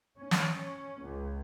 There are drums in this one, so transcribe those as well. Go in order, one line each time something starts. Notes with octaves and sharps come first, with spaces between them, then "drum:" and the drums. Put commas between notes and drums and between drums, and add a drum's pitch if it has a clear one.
C#4
drum: snare
C#2